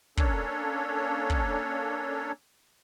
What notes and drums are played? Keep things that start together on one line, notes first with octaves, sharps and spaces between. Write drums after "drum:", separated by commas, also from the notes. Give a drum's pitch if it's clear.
A#3 C#4 D4 A4 C#5, drum: kick
drum: kick